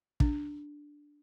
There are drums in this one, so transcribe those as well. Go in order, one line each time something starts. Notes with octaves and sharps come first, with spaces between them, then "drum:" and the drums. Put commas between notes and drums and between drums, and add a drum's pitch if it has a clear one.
D4, drum: kick